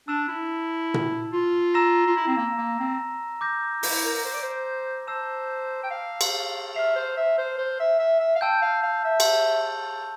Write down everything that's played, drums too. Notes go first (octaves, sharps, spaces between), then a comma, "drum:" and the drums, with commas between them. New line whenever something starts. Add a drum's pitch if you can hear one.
D4 A5 E6 A6 E7
E4
drum: tom A#2
F4
A#5 E6 A#6 E7
F4
E4
C4
A#3
A#3
C4
D6 G6 A#6
E4, drum: open hi-hat
A#4
C5
D5
C5
C5 A5 E6 A#6 E7
G5
F5
drum: cymbal
E5 F6 C7 F7
C5
E5
C5
C5
E5
E5
E5
F5
G5 A5 E6 G6
F5
F5
E5
drum: cymbal